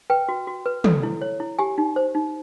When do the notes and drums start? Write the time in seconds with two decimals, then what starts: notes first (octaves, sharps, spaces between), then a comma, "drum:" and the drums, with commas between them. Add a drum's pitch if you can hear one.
0.10 B4 G5
0.29 F#4
0.47 F#4
0.66 B4
0.84 A4, drum: tom
1.03 E4
1.22 C#5
1.40 E4
1.59 G4 G#5
1.78 D#4
1.96 C5
2.15 D#4